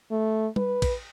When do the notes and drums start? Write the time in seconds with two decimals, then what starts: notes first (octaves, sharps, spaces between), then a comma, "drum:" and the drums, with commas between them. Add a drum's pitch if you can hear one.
0.11 A3
0.56 B4, drum: tom G3
0.82 drum: kick, cymbal